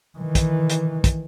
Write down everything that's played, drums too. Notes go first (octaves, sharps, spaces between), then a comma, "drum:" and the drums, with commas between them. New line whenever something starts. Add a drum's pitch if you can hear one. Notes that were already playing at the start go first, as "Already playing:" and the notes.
D#3 E3
drum: kick, hi-hat
drum: hi-hat
drum: kick, hi-hat